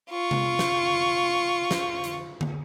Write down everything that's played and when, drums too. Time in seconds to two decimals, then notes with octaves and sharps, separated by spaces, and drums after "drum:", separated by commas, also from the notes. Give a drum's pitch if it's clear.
0.10 F4 C#6
0.31 drum: tom C3
0.59 drum: snare
1.71 drum: snare
2.04 drum: hi-hat
2.41 drum: tom D3